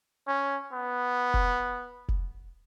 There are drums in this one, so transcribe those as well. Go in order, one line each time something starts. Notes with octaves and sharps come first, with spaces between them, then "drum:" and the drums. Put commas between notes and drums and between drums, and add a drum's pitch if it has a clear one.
C#4
B3
drum: kick F1
drum: kick F1